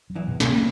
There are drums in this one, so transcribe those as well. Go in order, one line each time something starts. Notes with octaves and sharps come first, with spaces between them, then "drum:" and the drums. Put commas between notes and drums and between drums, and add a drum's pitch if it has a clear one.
F#3
E2 E3
B2
C#3, drum: snare
B2